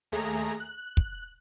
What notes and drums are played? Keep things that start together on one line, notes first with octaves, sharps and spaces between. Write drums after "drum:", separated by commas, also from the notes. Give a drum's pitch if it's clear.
D#2 A3 G#4 A#5
F#6
drum: kick